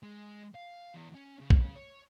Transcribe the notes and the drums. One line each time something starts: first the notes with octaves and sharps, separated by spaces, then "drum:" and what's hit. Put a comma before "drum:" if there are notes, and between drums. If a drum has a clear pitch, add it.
G#3
F5
E2
C#4
C#3
drum: kick B1
C#5